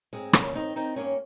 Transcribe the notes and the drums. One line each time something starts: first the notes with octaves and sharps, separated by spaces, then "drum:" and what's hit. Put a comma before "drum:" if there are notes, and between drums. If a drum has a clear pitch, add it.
G#2 G#3 C4
G2 A#3 C#4, drum: rim click
D#3 C4 D#4
D#3 C4 D#4
G2 A#3 C#4